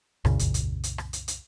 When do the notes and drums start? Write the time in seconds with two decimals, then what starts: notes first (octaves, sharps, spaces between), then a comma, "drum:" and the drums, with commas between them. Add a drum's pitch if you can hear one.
0.25 C2 F#2 A#2 C#3, drum: rim click
0.39 drum: kick E2, hi-hat
0.54 drum: hi-hat
0.84 drum: hi-hat
0.98 drum: rim click
1.13 drum: hi-hat
1.28 drum: hi-hat